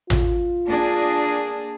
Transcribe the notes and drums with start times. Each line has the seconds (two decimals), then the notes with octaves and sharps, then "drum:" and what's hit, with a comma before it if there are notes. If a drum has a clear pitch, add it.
0.10 F4, drum: tom A1
0.66 A#3 D4 G#4